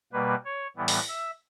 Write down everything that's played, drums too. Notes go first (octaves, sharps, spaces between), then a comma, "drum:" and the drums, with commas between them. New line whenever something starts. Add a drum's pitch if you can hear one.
B2 G3 A#3 B4
C#5
A2 E3 G3 B3
drum: open hi-hat
E5